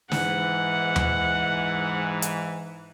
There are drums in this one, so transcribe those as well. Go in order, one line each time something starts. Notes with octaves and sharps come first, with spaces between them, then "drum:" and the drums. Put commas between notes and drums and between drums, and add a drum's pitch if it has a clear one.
G#2 E3 F#5, drum: snare
drum: tom D#2
drum: hi-hat